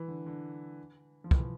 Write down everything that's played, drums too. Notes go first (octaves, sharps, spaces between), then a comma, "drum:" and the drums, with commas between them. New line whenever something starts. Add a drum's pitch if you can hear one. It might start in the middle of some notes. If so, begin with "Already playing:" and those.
Already playing: E3
D3
D3
F3
E3, drum: kick